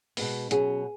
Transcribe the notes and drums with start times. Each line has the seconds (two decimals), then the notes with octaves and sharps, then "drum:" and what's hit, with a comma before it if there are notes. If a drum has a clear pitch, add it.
0.17 B2 G#3 B3, drum: open hi-hat
0.51 B2 F#3 C#4 G#4, drum: hi-hat